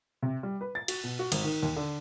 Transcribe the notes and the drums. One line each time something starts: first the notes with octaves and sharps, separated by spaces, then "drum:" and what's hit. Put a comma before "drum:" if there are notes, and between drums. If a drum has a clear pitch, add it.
C3
G3
B4
A6
F#4, drum: cymbal
B2
F#4
G#1, drum: cymbal
D#3
D#2
D3